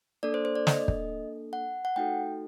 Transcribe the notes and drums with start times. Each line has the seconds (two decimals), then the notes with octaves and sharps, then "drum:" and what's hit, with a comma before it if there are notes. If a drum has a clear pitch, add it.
0.23 A#3 D4 A4 D5
0.34 C5
0.45 C5
0.55 D5
0.67 D#5, drum: snare
0.88 drum: kick
1.53 F#5
1.85 F#5
1.96 A3 D#4 F#4 A4 G5